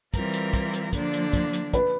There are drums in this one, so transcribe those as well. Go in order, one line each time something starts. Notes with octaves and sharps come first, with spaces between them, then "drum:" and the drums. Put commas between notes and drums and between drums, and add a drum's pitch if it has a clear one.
E3 G3 C4 F4 A#4, drum: kick, hi-hat
drum: hi-hat
drum: kick, hi-hat
drum: hi-hat
D3 F3 A#3 D4, drum: kick, hi-hat
drum: hi-hat
drum: kick, hi-hat
drum: hi-hat
B4, drum: kick, hi-hat